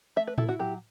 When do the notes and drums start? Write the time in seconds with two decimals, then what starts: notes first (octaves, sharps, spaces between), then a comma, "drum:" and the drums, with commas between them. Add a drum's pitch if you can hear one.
0.16 A3 E5
0.27 B4
0.38 E4 A4, drum: tom A2
0.49 F#4
0.59 F#3 G4